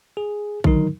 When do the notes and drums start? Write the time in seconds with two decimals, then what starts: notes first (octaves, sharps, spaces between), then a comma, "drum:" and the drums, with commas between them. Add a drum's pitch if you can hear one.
0.17 G#4
0.64 D3 D#3 F#3 D#4 A#4, drum: kick A#1